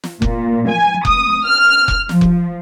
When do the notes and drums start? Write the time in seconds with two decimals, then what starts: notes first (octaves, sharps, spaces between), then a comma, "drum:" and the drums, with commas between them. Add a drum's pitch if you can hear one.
0.04 drum: snare
0.22 A#2, drum: kick F1
0.68 G#5
1.05 D#6, drum: kick F1
1.45 F6
1.88 drum: kick F1
2.09 F3, drum: snare
2.21 drum: kick F1